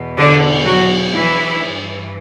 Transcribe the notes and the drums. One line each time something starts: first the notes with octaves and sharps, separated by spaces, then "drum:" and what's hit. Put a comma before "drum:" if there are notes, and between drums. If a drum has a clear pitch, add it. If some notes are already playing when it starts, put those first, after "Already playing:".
Already playing: E2 B2
D3 D4, drum: cymbal
F#3 F#4
E3 E4
G2 E3